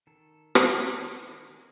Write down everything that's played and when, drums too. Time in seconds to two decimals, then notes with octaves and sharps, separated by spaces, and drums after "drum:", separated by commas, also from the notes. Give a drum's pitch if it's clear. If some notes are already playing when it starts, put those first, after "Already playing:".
0.07 D#3 A4
0.55 D#3, drum: rim click
1.02 D#3 G#4
1.50 D#3